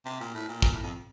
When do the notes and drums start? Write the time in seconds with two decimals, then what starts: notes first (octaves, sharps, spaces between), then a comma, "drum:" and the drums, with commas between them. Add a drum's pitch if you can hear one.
0.05 C3
0.20 A#2
0.34 A2
0.48 A#2
0.62 A#2, drum: kick
0.73 A2
0.83 F2